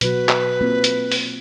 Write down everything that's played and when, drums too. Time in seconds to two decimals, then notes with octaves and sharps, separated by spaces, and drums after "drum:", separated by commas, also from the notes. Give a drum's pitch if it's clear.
0.01 B2 F#3 F#4 B4, drum: hi-hat
0.29 drum: clap
0.61 A#3 C4 F4
0.84 drum: hi-hat
1.12 drum: open hi-hat